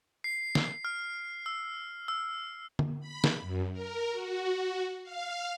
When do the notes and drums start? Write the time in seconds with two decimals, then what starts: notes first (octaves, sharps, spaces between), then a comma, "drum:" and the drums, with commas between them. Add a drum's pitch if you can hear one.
0.24 C7
0.55 drum: snare
0.85 F6
1.46 E6
2.08 E6
2.79 drum: tom D3
3.00 B5
3.24 drum: snare
3.41 F#2
3.72 A#4
4.11 F#4
5.03 F5